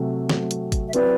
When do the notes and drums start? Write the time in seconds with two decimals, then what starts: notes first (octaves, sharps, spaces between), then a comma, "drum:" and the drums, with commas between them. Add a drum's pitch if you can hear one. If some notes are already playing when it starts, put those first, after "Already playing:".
Already playing: C3 F#3 A3
0.29 C3 F#3 A3 C4, drum: snare
0.51 drum: hi-hat
0.72 drum: kick G#1, hi-hat
0.86 E5
0.93 F#3 C4 E4 B4 D5, drum: hi-hat